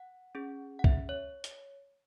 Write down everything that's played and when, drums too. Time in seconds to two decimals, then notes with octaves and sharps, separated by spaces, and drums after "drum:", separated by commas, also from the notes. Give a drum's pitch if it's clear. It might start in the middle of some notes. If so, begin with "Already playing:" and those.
Already playing: F#5
0.35 C#4 G#4
0.79 F#5
0.84 E5, drum: kick C2
1.09 C#5
1.44 drum: hi-hat